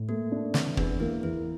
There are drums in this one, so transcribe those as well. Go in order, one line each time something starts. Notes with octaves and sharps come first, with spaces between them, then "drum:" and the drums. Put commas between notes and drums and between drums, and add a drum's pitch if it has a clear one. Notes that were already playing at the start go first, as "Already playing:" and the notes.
Already playing: A2
A3 A#3
D4
E3 C4, drum: snare
E2 D4, drum: kick
A#3 E4
E2 E4